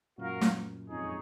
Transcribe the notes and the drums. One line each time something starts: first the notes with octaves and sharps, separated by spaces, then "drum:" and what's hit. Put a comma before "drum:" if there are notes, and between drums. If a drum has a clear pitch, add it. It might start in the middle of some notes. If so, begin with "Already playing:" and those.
F#2 A#2 F#4 A#4 F5
drum: snare
F2 G#2 D#4 G#4 C#5